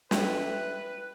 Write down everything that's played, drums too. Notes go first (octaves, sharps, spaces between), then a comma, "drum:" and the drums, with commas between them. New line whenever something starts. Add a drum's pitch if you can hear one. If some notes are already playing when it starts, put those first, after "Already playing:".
E4 G4 B4, drum: snare